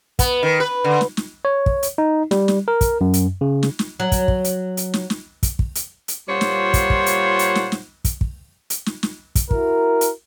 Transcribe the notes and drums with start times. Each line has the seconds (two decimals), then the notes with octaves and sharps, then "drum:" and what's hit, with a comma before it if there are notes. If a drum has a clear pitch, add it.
0.19 B3, drum: kick, hi-hat
0.43 D#3
0.60 B4
0.84 D3
1.01 drum: snare
1.17 drum: snare
1.45 C#5
1.66 drum: kick
1.83 drum: hi-hat
1.98 D#4
2.31 G3, drum: snare
2.48 drum: snare
2.68 A#4
2.81 drum: kick, hi-hat
3.01 F#2
3.14 drum: hi-hat
3.41 C#3
3.63 drum: snare
3.79 drum: snare
4.00 F#3
4.12 drum: kick, hi-hat
4.28 drum: kick
4.44 drum: hi-hat
4.77 drum: hi-hat
4.94 drum: snare
5.10 drum: snare
5.43 drum: kick, hi-hat
5.59 drum: kick
5.75 drum: hi-hat
6.08 drum: hi-hat
6.29 A#2 G3 F4 C5 C#5 F#5
6.41 drum: snare
6.74 drum: kick, hi-hat
6.90 drum: kick
7.06 drum: hi-hat
7.39 drum: hi-hat
7.55 drum: snare
7.72 drum: snare
8.05 drum: kick, hi-hat
8.21 drum: kick
8.70 drum: hi-hat
8.86 drum: snare
9.03 drum: snare
9.35 drum: kick, hi-hat
9.51 E4 F#4 A#4, drum: kick
10.01 drum: hi-hat